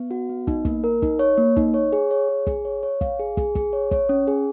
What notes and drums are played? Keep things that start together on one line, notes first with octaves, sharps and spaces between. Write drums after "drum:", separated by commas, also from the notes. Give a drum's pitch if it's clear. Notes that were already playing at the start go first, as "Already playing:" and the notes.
Already playing: B3
F#4
B3
D#4, drum: kick
A#3, drum: kick
A#4
D#4, drum: kick
C#5
A#3
D#4, drum: kick
C#5
G#4
C#5
G#4
G#4, drum: kick
C#5
C#5
F5, drum: kick
G#4
G#4, drum: kick
G#4, drum: kick
C#5
C#5, drum: kick
C#4
G#4